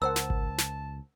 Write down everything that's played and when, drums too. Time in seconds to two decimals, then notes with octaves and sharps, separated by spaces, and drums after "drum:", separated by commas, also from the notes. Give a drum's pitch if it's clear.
0.02 C#2 A#4 C5 F#5 A5 E6
0.16 drum: snare
0.30 drum: kick G#1
0.58 drum: snare